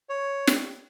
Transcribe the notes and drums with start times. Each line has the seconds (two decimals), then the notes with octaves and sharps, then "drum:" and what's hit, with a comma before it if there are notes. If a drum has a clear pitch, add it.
0.09 C#5
0.47 drum: snare